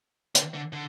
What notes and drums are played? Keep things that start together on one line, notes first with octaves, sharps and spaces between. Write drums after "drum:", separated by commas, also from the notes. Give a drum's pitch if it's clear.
D3, drum: hi-hat
D3
D3